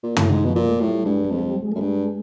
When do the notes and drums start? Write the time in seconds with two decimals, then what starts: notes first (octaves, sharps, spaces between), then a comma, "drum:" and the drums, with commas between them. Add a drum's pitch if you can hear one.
0.03 A#2
0.17 A2, drum: tom
0.30 G#2 D#3
0.45 B2 F3
0.55 A#2
0.69 A3
0.81 A2
0.87 G3
1.06 G2 G#3
1.25 G#3
1.31 F2
1.39 G#3
1.43 G3
1.62 G#3
1.72 F#2 A3
1.80 G2 G#3